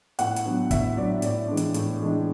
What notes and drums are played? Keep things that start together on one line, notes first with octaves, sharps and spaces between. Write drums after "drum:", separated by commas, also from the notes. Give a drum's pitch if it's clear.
A2 F#5, drum: hi-hat
drum: hi-hat
F#3 B3 D4
A2 E5, drum: kick, hi-hat
F#3 B3 D4 D5
A2 D5, drum: hi-hat
E3 G#3 D4
drum: hi-hat
A2, drum: hi-hat
E3 G#3 D4